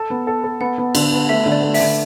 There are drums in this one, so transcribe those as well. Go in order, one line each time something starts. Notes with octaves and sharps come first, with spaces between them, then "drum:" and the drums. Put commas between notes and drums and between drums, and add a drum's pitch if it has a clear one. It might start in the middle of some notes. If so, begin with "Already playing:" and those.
Already playing: A4 A5
B3
A4
A4
B3 F#5
B3
D3, drum: cymbal
B3
A3 E5
D3
D5
A3
E5, drum: open hi-hat
D3